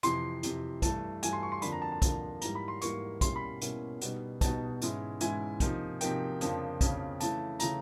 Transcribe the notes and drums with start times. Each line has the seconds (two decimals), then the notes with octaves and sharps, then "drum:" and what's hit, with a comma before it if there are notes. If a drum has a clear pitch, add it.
0.03 F2 C3 E3 C6, drum: hi-hat
0.43 F2 C3 E3, drum: hi-hat
0.82 G2 E3 A3 A5, drum: kick B1, hi-hat
1.23 G2 E3 A3 G#5, drum: hi-hat
1.33 C6
1.43 C#6
1.52 C6
1.62 F2 D3 F3 A#3 D4 B5, drum: hi-hat
1.72 A#5
1.82 A5
1.92 A5
2.02 F2 D3 F3 A#3 D4, drum: kick B1, hi-hat
2.42 G#2 E3 G3 A#3 A#5, drum: hi-hat
2.55 B5
2.68 C6
2.81 G#2 E3 G3 A#3 C#6, drum: hi-hat
3.21 B2 G3 A#3 C#4 E4 C6, drum: kick B1, hi-hat
3.36 B5
3.61 B2 G3 A#3 C#4 E4, drum: hi-hat
4.01 B2 G3 B3 D#4, drum: hi-hat
4.41 B2 G3 B3 D#4 A5, drum: kick B1, hi-hat
4.82 G#2 E3 G#3 C#4 E4, drum: hi-hat
5.20 G#2 E3 G#3 C#4 E4 G#5, drum: hi-hat
5.60 C3 F3 A#3 D#4, drum: kick B1, hi-hat
6.01 C3 F3 A#3 D#4 G5, drum: hi-hat
6.41 F2 C#3 F3 A#3 D4, drum: hi-hat
6.81 F2 C#3 F3 A#3 D4, drum: kick B1, hi-hat
7.20 C#3 E3 A3 A5, drum: hi-hat
7.60 C#3 E3 A3 A#5, drum: hi-hat